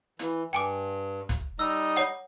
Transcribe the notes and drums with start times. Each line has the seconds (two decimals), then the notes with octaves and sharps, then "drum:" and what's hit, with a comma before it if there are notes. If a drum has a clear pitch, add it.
0.19 E3, drum: hi-hat
0.53 G2 G5 G#5 D6
1.29 drum: kick, hi-hat
1.59 G3 D#4 D#5 E6
1.97 C#5 F#5